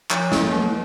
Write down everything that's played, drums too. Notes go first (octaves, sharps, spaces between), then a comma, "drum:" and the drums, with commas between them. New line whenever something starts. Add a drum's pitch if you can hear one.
F3 C#5, drum: clap
A#3 C#4, drum: snare
F#3